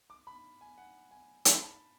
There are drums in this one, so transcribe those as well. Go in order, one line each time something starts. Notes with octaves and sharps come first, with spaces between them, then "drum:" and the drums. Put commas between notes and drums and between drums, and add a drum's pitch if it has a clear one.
D6
B5
G#5
F#5
G#5
A5, drum: hi-hat
B5
A5